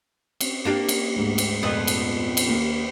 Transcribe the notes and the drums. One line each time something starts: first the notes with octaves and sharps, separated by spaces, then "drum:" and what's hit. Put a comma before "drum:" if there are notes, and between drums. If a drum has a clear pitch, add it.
C4, drum: cymbal
A#3 D4 G4
drum: cymbal
D2 G#2
drum: cymbal
F2 A#2 B3
drum: cymbal
drum: cymbal
D#2 A#3